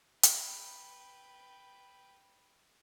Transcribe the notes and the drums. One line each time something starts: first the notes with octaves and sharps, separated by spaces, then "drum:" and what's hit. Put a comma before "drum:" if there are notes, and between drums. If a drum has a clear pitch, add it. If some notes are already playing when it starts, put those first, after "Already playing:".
B4 G5, drum: hi-hat